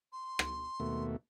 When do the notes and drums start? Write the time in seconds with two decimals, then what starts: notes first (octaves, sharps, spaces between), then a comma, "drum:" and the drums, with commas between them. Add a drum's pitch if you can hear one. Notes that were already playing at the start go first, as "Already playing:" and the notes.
0.12 C6
0.39 drum: rim click
0.80 D#2 B2 A3